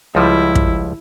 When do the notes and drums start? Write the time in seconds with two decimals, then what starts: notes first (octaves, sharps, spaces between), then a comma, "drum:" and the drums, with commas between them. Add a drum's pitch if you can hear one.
0.15 C#2 F3 G3 E4
0.55 drum: kick